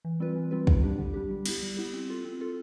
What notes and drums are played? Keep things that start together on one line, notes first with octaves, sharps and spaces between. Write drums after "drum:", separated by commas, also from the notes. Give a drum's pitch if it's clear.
E3
G3 C4 F4 B4
E3
G3 C4 F4 B4
D3, drum: kick
G3 D4 G4
D3
G3 D4 G4
G3
B3 E4 G4, drum: cymbal
G3
B3 E4 G4
C4
F4 A4
C4
F4 A4